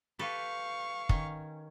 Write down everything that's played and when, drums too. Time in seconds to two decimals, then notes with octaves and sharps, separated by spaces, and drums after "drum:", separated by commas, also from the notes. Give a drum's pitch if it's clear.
0.19 G4 A4 B4 F5 C#6
1.09 D#3 C#4, drum: kick